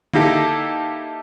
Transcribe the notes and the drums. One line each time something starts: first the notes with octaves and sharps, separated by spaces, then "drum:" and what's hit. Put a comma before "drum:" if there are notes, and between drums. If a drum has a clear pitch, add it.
A#3 D#4 E4 G4 A4, drum: tom D3